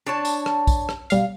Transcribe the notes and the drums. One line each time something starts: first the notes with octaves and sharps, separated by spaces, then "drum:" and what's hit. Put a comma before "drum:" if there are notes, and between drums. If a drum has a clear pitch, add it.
D4 C#5 A5
drum: tambourine
drum: rim click
drum: kick, tambourine
drum: rim click
B1 G3 F5, drum: tambourine